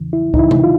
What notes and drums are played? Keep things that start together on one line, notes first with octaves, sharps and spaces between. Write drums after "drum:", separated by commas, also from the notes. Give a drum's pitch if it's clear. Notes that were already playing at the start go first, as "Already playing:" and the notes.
Already playing: E2 C#3 E3
E4
D#4, drum: kick C2
E2 C#3 E3 E4
drum: tom C3
F4